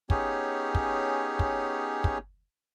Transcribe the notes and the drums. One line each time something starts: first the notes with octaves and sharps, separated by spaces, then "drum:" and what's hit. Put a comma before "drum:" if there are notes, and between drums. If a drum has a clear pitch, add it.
B3 C#4 D#4 G4 G#4 C#5, drum: kick
drum: kick
drum: kick
drum: kick